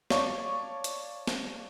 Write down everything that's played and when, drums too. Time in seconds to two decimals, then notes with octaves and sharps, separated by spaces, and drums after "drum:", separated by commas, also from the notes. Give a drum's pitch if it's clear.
0.10 C#5 D5 F5 A5 C#6 D6, drum: snare
0.84 drum: hi-hat
1.27 drum: snare